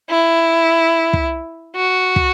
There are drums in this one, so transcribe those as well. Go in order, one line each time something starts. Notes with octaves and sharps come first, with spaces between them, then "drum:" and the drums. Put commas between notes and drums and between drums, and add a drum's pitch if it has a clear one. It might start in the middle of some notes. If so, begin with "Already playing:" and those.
E4
drum: kick
F#4
drum: kick